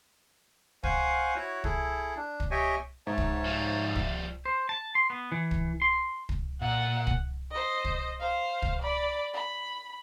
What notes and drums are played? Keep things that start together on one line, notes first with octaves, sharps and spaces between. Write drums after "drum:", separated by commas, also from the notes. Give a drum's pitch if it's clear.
C5 F5 F#5 G#5 C#6, drum: kick
E4 F#4 C#5
E4 G#4 A4, drum: kick
D4
drum: kick
G4 C#5 D#5 E5 G5 G#5
G#2 C#5 E5 A5
drum: kick
F3 G3
drum: kick
C5
A5
C6
B3
E3
drum: kick
C6
drum: kick
A#2 F#5
drum: kick
C5 D#5
drum: kick
C5 F5
drum: kick
D5 B5
B5